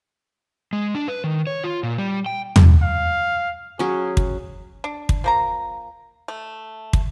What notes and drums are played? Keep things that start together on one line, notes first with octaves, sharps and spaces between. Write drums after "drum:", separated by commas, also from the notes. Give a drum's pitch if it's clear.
G#3
D4
B4
D#3
C#5
F4
A#2
G3
G5
drum: tom
F5
F#3 C#4 G#4
drum: kick
D4
drum: kick
F3 A#3 A#5
A3
drum: kick